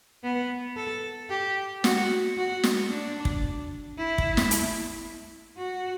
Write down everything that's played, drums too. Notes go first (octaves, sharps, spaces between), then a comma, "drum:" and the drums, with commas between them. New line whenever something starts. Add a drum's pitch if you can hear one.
B3
A4
G4
F#4, drum: snare
F#4
drum: snare
D4
drum: kick
E4
drum: kick
drum: snare
drum: hi-hat
F#4